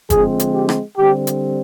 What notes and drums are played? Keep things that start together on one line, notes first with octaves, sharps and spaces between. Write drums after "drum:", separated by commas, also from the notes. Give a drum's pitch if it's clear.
D3 F3 G#3 C4 G#4, drum: kick, hi-hat
drum: hi-hat
G4
drum: rim click
D3 G3 C4 G4
drum: hi-hat